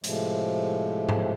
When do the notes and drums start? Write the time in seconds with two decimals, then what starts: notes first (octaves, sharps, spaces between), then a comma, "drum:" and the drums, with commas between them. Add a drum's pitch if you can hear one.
0.04 A2 C3 F3 G#3 A3, drum: hi-hat
1.09 drum: tom G#2